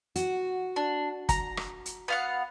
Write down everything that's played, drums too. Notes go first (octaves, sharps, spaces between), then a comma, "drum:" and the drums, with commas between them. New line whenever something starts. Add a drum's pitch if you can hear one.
F#4, drum: hi-hat
D4
A#5, drum: kick, hi-hat
drum: rim click
drum: hi-hat
B3 F5 F#5